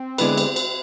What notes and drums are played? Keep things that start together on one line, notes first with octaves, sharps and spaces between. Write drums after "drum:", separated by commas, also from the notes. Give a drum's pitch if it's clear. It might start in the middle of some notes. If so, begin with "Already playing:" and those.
Already playing: C4
D3 G#3 B3 E4 B4, drum: cymbal
drum: cymbal
drum: cymbal